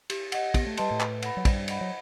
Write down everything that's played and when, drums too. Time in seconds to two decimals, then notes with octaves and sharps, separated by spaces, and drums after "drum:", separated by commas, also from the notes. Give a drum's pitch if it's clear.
0.10 G4, drum: cymbal
0.32 D#5 F#5, drum: cymbal
0.54 B3 G4, drum: kick, cymbal
0.67 A3
0.77 G3 B4 D#5 A5 C6, drum: cymbal
0.91 A2 A3
1.00 B4, drum: clap
1.22 F#5 B5, drum: cymbal
1.37 F#3
1.45 G2 G3 C5, drum: kick, cymbal
1.68 D#5 F#5 B5, drum: cymbal
1.81 F#3